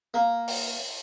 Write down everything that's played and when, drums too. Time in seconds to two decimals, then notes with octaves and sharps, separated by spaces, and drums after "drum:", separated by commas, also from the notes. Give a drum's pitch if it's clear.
0.14 A#3
0.48 drum: open hi-hat